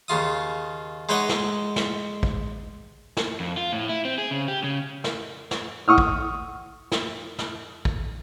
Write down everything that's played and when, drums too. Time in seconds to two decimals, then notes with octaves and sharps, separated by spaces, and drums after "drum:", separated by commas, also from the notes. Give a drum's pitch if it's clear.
0.08 D#2 C#3 F4 D#6
1.09 G#3 D#4 B4 C#5 D#5 F#5
1.29 drum: snare
1.76 drum: snare
2.23 drum: kick
3.17 drum: snare
3.40 F2
3.57 F4
3.73 A2
3.89 E4
4.05 C4
4.18 G#4
4.31 C#3
4.48 G4
4.64 C#3
5.04 drum: snare
5.51 drum: snare
5.88 F#5 C#6 D#6 F6
5.98 drum: kick
6.92 drum: snare
7.38 drum: snare
7.85 drum: kick